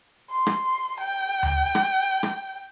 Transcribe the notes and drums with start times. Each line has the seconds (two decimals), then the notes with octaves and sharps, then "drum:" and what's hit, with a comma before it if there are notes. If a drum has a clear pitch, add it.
0.30 C6
0.47 drum: rim click
1.00 G5
1.43 drum: tom D2
1.75 drum: rim click
2.23 drum: rim click